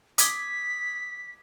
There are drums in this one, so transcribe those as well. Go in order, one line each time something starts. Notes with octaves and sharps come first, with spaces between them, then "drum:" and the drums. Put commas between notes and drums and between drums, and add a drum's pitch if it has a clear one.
D6 D#6 G#6 B6, drum: hi-hat